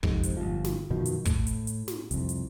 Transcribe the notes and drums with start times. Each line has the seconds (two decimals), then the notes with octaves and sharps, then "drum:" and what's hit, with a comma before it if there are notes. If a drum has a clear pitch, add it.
0.03 F2 G#2 C3, drum: kick
0.23 drum: hi-hat
0.37 G1 C#2 F3
0.64 drum: snare
0.90 F#2 B2 D#3 F3
1.06 drum: hi-hat
1.25 A2, drum: kick, hi-hat
1.47 drum: hi-hat
1.67 drum: hi-hat
1.88 drum: snare
2.11 C2 F2, drum: hi-hat
2.29 drum: hi-hat